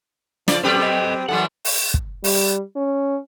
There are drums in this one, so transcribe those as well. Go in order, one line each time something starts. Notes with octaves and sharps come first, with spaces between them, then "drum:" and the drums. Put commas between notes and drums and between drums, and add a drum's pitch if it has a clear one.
C#3 F3 D5, drum: snare
F#3 C4 C#4 G4 A4 B4
A4 D#5
F#2 E3 F#3 A4 F#5
drum: open hi-hat
drum: kick
G3, drum: open hi-hat
C#4